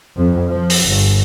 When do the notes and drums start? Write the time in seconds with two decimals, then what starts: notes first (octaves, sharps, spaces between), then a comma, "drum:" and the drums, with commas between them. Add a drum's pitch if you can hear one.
0.17 F2
0.52 F3
0.70 drum: open hi-hat
0.86 G1